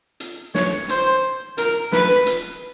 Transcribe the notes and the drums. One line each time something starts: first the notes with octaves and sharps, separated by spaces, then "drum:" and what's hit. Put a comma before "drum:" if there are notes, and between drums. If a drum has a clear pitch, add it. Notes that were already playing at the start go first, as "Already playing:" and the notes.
drum: hi-hat
C#5, drum: snare
C5, drum: hi-hat
A#4, drum: hi-hat
B4, drum: snare
drum: hi-hat